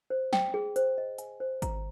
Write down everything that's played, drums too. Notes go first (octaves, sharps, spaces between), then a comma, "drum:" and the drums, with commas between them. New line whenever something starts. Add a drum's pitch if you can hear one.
C5
G5, drum: snare
G#4
C5, drum: hi-hat
D#5
G#5, drum: hi-hat
C5
A#5, drum: kick G#1, hi-hat